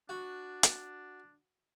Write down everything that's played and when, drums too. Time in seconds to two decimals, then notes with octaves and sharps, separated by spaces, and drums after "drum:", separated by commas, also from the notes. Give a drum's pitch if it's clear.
0.09 D4 F#4
0.63 drum: hi-hat